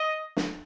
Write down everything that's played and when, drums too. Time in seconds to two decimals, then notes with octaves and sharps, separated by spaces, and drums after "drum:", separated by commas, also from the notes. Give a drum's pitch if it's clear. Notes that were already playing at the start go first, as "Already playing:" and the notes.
Already playing: D#5
0.37 drum: snare